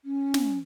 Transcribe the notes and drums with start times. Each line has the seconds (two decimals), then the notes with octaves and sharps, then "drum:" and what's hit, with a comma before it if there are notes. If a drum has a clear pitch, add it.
0.05 C#4
0.34 drum: snare